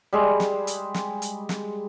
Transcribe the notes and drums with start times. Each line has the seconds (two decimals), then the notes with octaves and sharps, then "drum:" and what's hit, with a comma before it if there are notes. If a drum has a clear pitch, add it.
0.13 G3 G#3
0.40 drum: snare
0.67 drum: hi-hat
0.94 drum: snare
1.22 drum: hi-hat
1.49 drum: snare